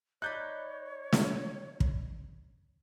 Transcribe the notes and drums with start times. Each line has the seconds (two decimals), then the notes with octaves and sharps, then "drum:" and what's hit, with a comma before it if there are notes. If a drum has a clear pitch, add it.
0.22 D#4 C#5 D5 B5 F#6 G6
1.13 drum: snare
1.80 drum: kick